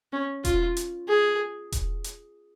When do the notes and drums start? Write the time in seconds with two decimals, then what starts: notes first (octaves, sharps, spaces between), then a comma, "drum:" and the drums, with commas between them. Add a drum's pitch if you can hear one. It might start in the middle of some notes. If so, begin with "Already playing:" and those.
0.13 C#4
0.45 F4, drum: kick E1, hi-hat
0.77 drum: hi-hat
1.08 G#4
1.72 drum: kick E1, hi-hat
2.04 drum: hi-hat